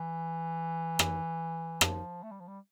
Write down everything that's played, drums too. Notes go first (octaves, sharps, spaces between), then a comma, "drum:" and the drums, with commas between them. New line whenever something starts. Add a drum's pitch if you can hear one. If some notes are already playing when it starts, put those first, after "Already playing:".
Already playing: E3
drum: rim click
F3, drum: rim click
A3
G3
F3
G3